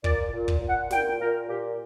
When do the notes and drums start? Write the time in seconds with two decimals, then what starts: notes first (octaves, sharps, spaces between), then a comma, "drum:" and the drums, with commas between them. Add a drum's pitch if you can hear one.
0.04 A#2 D5, drum: kick
0.33 A#2
0.48 drum: kick
0.62 A#2
0.69 F#5
0.91 A#2 G5, drum: snare
1.20 A#2 A#4
1.49 A#2 G4